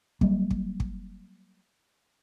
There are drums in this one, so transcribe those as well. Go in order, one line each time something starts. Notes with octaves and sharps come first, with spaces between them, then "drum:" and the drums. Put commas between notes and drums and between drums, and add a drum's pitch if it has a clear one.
F#3 G3 A#3, drum: kick
drum: kick
drum: kick